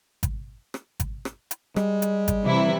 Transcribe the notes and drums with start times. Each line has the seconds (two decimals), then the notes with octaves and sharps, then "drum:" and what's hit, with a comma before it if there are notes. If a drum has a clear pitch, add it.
0.23 drum: kick G#1, hi-hat
0.74 drum: rim click
1.00 drum: kick G#1, hi-hat
1.25 drum: rim click
1.51 drum: hi-hat
1.76 G3 G#3, drum: rim click
2.02 drum: hi-hat
2.28 drum: kick G#1, hi-hat
2.44 C3 E3 E4